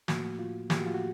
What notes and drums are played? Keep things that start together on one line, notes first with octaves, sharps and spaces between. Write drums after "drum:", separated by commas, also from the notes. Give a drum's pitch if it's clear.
A2 F3 A#3 F#4, drum: snare
F4
A2 F3 A#3 G4, drum: snare
F#4
F4
F#4